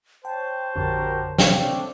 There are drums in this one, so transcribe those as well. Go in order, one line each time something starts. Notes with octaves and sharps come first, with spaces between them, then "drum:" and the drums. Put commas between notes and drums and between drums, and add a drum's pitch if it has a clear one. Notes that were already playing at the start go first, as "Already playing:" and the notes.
C5 C#5 G5 A5
A1 F2 D3 F#4 G4 A#4
A3 C4 D4 C#5 F5 G5, drum: snare